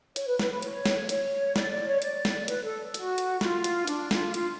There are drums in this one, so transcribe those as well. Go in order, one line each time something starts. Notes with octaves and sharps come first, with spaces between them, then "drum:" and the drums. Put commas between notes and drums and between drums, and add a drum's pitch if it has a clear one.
C#5, drum: hi-hat
B4
B4, drum: snare
B4
C#5, drum: hi-hat
drum: snare
C#5, drum: hi-hat
D5, drum: snare
D5
C#5
D5, drum: hi-hat
drum: snare
B4, drum: hi-hat
A4
F#4, drum: hi-hat
drum: hi-hat
F4, drum: snare
drum: hi-hat
D4, drum: hi-hat
F4, drum: snare
F4, drum: hi-hat